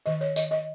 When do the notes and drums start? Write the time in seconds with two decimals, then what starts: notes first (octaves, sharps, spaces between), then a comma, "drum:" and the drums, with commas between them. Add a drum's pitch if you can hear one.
0.06 D#3 D#5
0.21 C#5
0.36 D#3 D#5, drum: tambourine
0.51 D#5